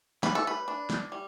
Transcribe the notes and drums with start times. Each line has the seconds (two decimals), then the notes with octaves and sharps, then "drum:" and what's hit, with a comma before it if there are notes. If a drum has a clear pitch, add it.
0.23 G3 B4, drum: snare
0.35 A4
0.47 B4
0.68 D4
0.90 drum: snare
1.12 G3